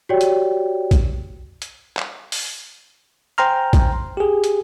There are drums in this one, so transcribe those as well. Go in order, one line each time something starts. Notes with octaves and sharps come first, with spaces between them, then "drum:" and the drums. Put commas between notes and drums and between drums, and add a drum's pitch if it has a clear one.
F#4 G4 C#5 D5 G5
drum: hi-hat
drum: kick A#1, hi-hat
drum: hi-hat
drum: clap
drum: open hi-hat
C5 G5 G#5 A#5 C6 F6
drum: kick A#1, hi-hat
G4 G#4
drum: hi-hat